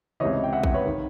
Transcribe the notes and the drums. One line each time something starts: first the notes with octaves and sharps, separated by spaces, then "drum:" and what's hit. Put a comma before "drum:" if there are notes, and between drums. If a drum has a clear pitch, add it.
C#2 C3 E3 C#5 D#5
G5
E5 F#5
E5 F#5, drum: kick A#1
B4 C#5
D#3